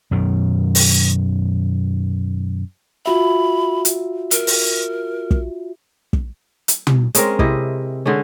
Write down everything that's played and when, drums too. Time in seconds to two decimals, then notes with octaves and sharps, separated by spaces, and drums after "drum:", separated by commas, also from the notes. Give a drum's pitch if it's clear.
0.11 F#2 B2 D#3
0.75 drum: open hi-hat
3.06 F4 F#4 E5 B5
3.85 drum: hi-hat
4.31 A#4, drum: hi-hat
4.47 drum: open hi-hat
5.31 drum: kick
6.13 drum: kick
6.68 drum: hi-hat
6.87 drum: tom
7.15 G#3 C4 C#4 A#4, drum: hi-hat
7.39 C3 E4 D#5, drum: kick
8.06 D3 G#3 C#4